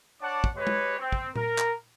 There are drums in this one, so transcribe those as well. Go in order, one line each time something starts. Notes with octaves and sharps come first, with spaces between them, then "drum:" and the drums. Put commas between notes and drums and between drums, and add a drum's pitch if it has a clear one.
D4 C#5 F#5 A5 D6
drum: kick
G#3 G4 B4 C#5
drum: tom G#3
C4
drum: kick
A#4, drum: tom A#2
drum: clap